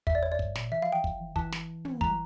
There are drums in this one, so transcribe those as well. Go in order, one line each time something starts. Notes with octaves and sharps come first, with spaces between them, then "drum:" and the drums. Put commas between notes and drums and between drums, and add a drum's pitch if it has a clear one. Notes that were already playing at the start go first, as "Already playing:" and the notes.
E2 E5, drum: kick
D5
C#5
D5
G2, drum: kick
A#2, drum: snare
E3 E5
F3 F5
E3 G5
F3, drum: kick
E3
E3 A5, drum: kick
drum: snare
drum: tom
E3 A#5, drum: kick